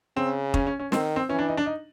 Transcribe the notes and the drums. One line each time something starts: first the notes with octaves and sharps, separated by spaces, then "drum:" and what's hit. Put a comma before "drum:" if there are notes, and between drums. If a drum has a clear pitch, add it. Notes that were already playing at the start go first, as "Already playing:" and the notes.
C#3 C4
C#4, drum: kick
C#4
C#4
D#3 C4, drum: snare
C4
E3 C#4
D4
D#4
D4
D#4